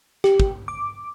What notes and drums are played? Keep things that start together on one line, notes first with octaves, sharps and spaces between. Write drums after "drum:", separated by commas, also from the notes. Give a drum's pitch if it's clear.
G4, drum: rim click
drum: kick
D6